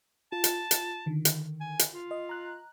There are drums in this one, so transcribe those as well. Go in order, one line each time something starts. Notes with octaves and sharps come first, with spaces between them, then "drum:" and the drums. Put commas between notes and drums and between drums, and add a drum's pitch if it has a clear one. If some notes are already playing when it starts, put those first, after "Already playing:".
F4 A5
drum: hi-hat
drum: hi-hat
D3 D#3
drum: hi-hat
G#5
drum: hi-hat
F4
D#5
A#5 F#6